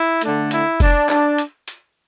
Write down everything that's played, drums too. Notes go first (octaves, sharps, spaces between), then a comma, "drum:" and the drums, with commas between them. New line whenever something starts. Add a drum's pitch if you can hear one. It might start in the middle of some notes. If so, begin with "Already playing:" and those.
Already playing: E4
D3 A3 D4, drum: hi-hat
E4, drum: hi-hat
D4, drum: kick F1, hi-hat
D4, drum: clap
drum: hi-hat
drum: hi-hat